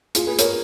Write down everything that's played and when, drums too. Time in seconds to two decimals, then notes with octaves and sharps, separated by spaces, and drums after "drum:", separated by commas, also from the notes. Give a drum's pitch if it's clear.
0.15 F4 G#4, drum: hi-hat
0.27 G#4 B4
0.39 A#4 C#5, drum: hi-hat